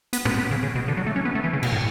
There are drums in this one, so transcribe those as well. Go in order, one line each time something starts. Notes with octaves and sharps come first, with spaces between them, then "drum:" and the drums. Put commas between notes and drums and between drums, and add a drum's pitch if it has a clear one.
B3, drum: hi-hat
B3, drum: tom
B3
C#3
C#3
B2
D3
F#3
A3
C#4
B3
A3
E3
C#3
B2, drum: cymbal
A2